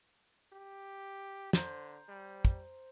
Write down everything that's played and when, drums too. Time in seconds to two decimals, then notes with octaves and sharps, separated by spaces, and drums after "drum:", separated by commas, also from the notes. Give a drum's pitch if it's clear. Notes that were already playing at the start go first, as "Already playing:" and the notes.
0.52 G4
1.53 D3 C5 A#5, drum: snare
2.08 G3
2.45 drum: kick